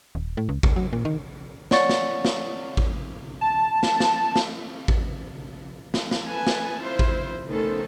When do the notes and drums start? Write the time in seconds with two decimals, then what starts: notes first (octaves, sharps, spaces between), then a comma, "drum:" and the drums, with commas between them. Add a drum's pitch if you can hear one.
0.15 D#1
0.37 A2
0.49 C#2
0.63 C#2, drum: kick A1
0.76 F#3
0.93 A#2
1.05 D#3
1.71 C#5 D5 F#5 C#6 A6 C#7, drum: snare
1.89 drum: snare
2.25 drum: snare
2.77 drum: kick A1
3.41 A5
3.83 drum: snare
4.00 drum: snare
4.36 drum: snare
4.88 drum: kick A1
5.94 drum: snare
6.11 drum: snare
6.25 A4 B4 G#5 A5
6.47 drum: snare
6.79 E4 F4 C5
6.99 drum: kick A1
7.48 D#3 A3 B3 C#4 A4 C5